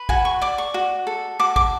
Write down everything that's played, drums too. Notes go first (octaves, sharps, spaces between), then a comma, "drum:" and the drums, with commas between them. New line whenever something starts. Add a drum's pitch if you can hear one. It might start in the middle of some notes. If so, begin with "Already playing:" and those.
Already playing: B4
F#4 G#5, drum: kick
C#6
D5 D6
C#6
F#4
A4
F#4 D6
D6, drum: kick